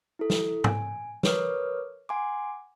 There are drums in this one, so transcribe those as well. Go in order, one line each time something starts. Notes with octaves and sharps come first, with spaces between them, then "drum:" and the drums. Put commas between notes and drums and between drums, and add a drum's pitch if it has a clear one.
E4 A4
drum: snare
G#5, drum: tom
A#4 B4 C#5 D6 D#6 F6, drum: snare
F#5 G#5 C6 D6